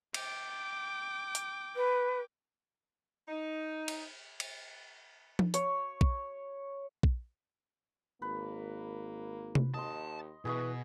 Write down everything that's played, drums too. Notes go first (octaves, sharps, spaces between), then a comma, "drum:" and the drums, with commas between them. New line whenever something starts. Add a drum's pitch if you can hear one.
G5 D6, drum: cymbal
drum: hi-hat
B4
D#4
drum: cymbal
drum: cymbal
drum: tom F3
C#5, drum: hi-hat
drum: kick
drum: kick
G#1 A#3 B4
drum: tom C3
D#2 D#5 A5 C6
B2 E3 G#4 B4 D#5 C#6